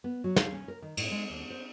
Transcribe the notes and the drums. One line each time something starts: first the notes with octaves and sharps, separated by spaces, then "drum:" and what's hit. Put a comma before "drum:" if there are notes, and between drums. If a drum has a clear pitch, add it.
B3
F#3
F5, drum: snare
C#4
A#4
D#3
A2, drum: cymbal
G#3
D#2
C5